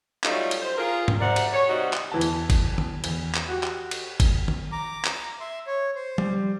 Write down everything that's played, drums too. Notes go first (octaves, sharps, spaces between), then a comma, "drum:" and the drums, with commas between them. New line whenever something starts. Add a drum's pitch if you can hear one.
F#3 G3 A3 D#4 F4, drum: clap
drum: cymbal
C5
F4 G#4 A#4
drum: tom G#2
C3 G3 A#4 D5 F#5
drum: cymbal
C#5
C3 G3 D#4 F#4
drum: clap
E2 E3 A5
drum: cymbal
drum: kick G1, cymbal
drum: tom
E2, drum: cymbal
drum: clap
F#4 G4
drum: clap
drum: cymbal
drum: kick G1, cymbal
drum: tom
A#5 D6
drum: clap
E5 C6
C#5
C5
G3, drum: tom F3